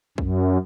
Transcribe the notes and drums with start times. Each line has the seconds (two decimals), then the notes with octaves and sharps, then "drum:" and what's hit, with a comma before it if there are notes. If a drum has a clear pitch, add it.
0.18 F#2, drum: kick